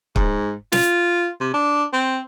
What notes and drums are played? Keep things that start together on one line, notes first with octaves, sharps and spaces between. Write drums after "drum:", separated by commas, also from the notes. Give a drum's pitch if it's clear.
G#2, drum: kick
F4, drum: snare
C3
D4
C4